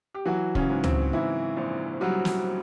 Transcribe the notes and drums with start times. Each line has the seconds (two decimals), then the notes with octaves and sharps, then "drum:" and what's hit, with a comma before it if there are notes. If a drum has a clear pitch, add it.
0.14 G4
0.25 E3 F#3 F#4
0.55 C#3 C#4, drum: kick
0.70 G#2
0.84 C4, drum: tom C#2
1.13 G#2 E3 E4
1.57 A#1
2.01 F#3 G3 F#4
2.25 drum: snare